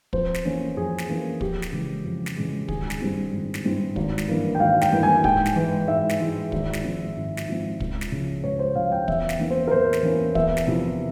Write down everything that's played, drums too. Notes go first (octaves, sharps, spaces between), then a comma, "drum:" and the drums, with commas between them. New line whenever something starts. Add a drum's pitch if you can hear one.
F2 C5, drum: kick
drum: snare
E3 A#3 C#4
F2 G#4
drum: snare
E3 A#3 C#4
F2 G4, drum: kick
drum: snare
C#3 E3 G#3
F2
drum: snare
C#3 E3 G#3
G#1 G#4, drum: kick
drum: snare
G2 G3 C4 E4
G#1
drum: snare
G2 G3 C4 E4
G#1, drum: kick
drum: snare
G2 E3 A#3 E4
G5
G#1 F5
G5, drum: snare
G2 E3 A#3 E4
G#5
G#2 G5, drum: kick
drum: snare
E3 G#3 E4
G#2 E5
drum: snare
E3 G#3 E4
G#1, drum: kick
drum: snare
G#2 F3 C4
G#1
drum: snare
G#2 F3 C4
C#2, drum: kick
drum: snare
C#3 F3
C#2 C#5
C5
C#3 F3 F5
G5
E2 E5, drum: kick
drum: snare
E3 A#3 C#4 E4
C5
A#4
E2 C5
drum: snare
E3 A#3 C#4 E4
E2 E5, drum: kick
drum: snare
C3 F3 C4 E4